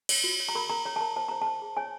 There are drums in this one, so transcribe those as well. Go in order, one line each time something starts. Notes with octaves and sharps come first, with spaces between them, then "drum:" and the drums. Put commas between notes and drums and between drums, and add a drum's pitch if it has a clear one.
C#5, drum: cymbal
F#4
C#5
A#5
A#4 B5
A#4 A#5
C#5 A#5
A5
A#4 A#5
C5 A5
C5 A#5
C5 A5
G#4
C#5 G#5